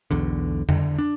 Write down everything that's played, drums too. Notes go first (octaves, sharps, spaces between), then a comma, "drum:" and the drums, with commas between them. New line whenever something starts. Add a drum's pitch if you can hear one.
B1 E2 D3
D3, drum: tom F2
D4